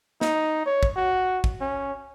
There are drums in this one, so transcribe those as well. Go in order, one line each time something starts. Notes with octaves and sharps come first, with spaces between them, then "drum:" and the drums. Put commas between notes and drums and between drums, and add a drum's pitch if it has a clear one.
D#4, drum: snare
C#5
drum: kick
F#4
drum: kick
C#4